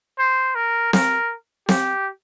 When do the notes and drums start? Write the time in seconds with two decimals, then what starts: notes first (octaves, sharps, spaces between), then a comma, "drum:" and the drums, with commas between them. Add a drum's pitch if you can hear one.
0.18 C5
0.55 A#4
0.93 A#4, drum: snare C4
1.69 G4, drum: snare C4